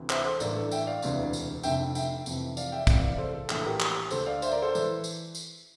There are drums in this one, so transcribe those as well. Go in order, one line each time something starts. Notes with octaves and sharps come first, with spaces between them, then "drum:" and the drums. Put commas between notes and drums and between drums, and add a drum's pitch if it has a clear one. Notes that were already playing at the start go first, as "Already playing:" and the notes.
Already playing: D2 C3 E3
C5 E5, drum: clap
A4 C5
A1 G2 E3 A#4 D5, drum: tambourine
A4
E5 G5, drum: tambourine
D5 F5
E1 D2 C3 E3, drum: tambourine
drum: tambourine
F1 F2 D3 E5 G5, drum: tambourine
E5 G5, drum: tambourine
F1 F2 C3 E3, drum: tambourine
D5 F5, drum: tambourine
E5 G5
C2 C3 E3 D5 F5, drum: kick, tambourine
D5 F5
A4 C5
A4
A#1 A2 E3 A4, drum: clap
G4 A#4
drum: clap
D2 D3 A4 C5, drum: tambourine
D5 F5
C5 E5, drum: tambourine
A#4 D5
A4 C5
E3, drum: tambourine
drum: tambourine
drum: tambourine